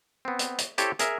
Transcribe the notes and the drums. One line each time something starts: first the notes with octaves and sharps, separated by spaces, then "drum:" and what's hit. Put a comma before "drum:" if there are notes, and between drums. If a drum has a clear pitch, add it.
B3 C4
drum: hi-hat
drum: hi-hat
E4 G4 A4 C5 C#5, drum: hi-hat
G#4 A#4 E5, drum: hi-hat